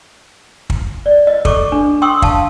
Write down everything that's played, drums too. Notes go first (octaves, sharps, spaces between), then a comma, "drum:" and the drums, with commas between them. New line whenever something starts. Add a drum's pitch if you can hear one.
drum: kick
D5
D#5
A4 C#6 D6, drum: kick
D4
G5 C6 C#6 D#6 E6
F5 A5, drum: kick